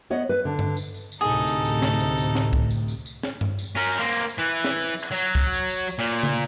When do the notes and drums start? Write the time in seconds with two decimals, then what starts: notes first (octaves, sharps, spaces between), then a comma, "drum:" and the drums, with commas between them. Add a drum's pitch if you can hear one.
0.10 B3 C#5 D#5 F#5
0.29 B4
0.45 D3
0.59 drum: tom G2
0.77 drum: tambourine
0.94 drum: tambourine
1.12 drum: tambourine
1.21 D2 A2 C3 D#4 G#4 A4
1.47 drum: tambourine
1.65 drum: tambourine
1.82 drum: snare
2.00 drum: tambourine
2.18 drum: tambourine
2.35 drum: snare
2.53 drum: kick C2
2.71 drum: tambourine
2.88 drum: tambourine
3.06 drum: tambourine
3.23 drum: snare
3.41 drum: tom G2
3.59 drum: tambourine
3.76 C#4 A#4, drum: tambourine
4.00 A#3 C4
4.12 drum: tambourine
4.29 drum: tambourine
4.39 E3
4.65 drum: snare
4.82 drum: tambourine
5.00 drum: tambourine
5.11 F#3
5.35 drum: kick C2, tambourine
5.53 drum: tambourine
5.70 drum: tambourine
5.88 drum: tambourine
5.99 A#2
6.23 drum: tom C#3